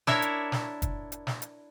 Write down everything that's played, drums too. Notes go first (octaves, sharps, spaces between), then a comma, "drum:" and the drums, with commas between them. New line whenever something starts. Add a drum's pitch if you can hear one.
D4 E4 A#4 C#5 E5, drum: snare
drum: hi-hat
drum: snare
drum: kick, hi-hat
drum: hi-hat
drum: snare
drum: hi-hat